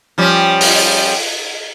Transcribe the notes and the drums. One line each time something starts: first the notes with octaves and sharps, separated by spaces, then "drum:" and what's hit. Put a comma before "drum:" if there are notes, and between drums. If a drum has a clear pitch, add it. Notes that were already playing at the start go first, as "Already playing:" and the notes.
F3 G3 C#4
drum: open hi-hat